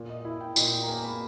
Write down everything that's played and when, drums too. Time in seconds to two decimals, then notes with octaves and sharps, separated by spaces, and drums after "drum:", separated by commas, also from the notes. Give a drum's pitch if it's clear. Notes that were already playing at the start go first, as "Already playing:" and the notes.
Already playing: A#2
0.09 D#5
0.25 E4
0.41 G5
0.56 A#2 D#5, drum: tambourine
0.72 G5
0.83 A#5
0.88 A#3 G#5
1.04 B5